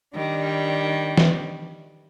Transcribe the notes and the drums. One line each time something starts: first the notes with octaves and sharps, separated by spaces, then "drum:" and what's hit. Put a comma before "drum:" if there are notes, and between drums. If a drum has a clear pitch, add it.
D#3 G3 D4
drum: snare